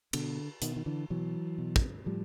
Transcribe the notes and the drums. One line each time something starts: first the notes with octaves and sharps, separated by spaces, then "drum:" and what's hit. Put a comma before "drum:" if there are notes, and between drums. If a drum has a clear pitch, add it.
B2 D3, drum: cymbal
B2 D#3, drum: hi-hat
D#3
D3 E3
B2 E3 F#3
B2
drum: kick
A2 F3 G3